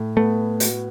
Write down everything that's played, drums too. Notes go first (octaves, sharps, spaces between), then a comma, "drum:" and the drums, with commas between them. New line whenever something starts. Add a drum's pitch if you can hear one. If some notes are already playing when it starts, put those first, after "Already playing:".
Already playing: A2
A3 B3
F#4, drum: hi-hat